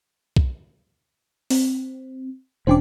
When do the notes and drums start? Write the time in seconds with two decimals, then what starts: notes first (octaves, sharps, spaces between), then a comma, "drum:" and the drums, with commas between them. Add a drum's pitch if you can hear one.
0.37 drum: kick B1
1.50 C4, drum: open hi-hat
2.67 E1 C#4 D4 C5 G5 D6